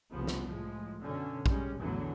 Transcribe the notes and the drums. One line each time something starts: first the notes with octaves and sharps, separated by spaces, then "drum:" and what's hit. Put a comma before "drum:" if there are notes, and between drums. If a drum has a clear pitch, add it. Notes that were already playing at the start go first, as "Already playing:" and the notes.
F1 C2 C#3 F3 B3
drum: snare
A2 F3 G#3
F#2 B2 D3 C#4
G3 G#3 C#4, drum: kick A#1
E2 A2 D3 E3 F#3